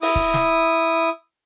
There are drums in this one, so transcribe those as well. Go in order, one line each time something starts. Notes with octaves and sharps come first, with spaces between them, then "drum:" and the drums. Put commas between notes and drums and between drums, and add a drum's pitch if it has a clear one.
E4 D#6, drum: open hi-hat
drum: kick C#1
drum: snare